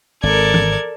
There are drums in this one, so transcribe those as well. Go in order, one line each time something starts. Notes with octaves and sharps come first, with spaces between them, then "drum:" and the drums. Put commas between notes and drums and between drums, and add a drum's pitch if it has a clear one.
G#1 A4 A#4 D5 G#6
drum: tom E3